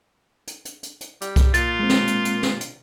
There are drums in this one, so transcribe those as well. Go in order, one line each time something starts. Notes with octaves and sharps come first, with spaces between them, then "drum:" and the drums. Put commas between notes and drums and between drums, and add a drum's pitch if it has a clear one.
drum: hi-hat
drum: hi-hat
drum: hi-hat
drum: hi-hat
G3, drum: hi-hat
drum: kick C2, hi-hat
A#2 F4 A6, drum: hi-hat
G#3 C4
drum: snare
drum: hi-hat
drum: hi-hat
drum: snare
drum: hi-hat